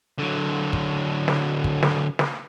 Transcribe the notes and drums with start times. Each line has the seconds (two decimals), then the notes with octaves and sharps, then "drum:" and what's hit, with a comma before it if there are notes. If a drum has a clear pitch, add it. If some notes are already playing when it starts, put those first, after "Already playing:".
0.18 D3 F#3
0.73 drum: kick
1.28 drum: snare
1.64 drum: kick
1.83 drum: snare
2.19 drum: snare